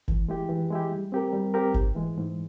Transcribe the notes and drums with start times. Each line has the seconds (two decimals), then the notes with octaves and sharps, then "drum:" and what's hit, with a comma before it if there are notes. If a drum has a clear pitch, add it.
0.08 E3, drum: kick G1
0.28 G#3 E4 G4
0.49 E3
0.70 G#3 E4 G4
0.92 G3
1.12 C4 G4 A#4
1.33 G3
1.54 C4 G4 A#4
1.74 G#2, drum: kick G1
1.95 E3 G#3
2.17 G#2